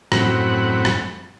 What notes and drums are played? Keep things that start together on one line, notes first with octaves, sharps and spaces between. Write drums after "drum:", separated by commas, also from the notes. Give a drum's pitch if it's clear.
F#2 A2 C4 F#5 B5, drum: rim click
drum: rim click